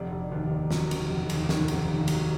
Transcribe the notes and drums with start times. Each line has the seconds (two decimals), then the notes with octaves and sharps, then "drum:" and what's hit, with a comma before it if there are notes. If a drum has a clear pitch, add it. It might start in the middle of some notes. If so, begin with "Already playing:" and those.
Already playing: F1 D5
0.12 F1
0.32 D#2
0.51 D#2
0.70 F#3, drum: snare
0.91 D#2, drum: cymbal
1.10 F1
1.30 D#2, drum: cymbal
1.49 D#3, drum: snare
1.68 F1, drum: cymbal
1.88 D#2
2.08 F#3, drum: cymbal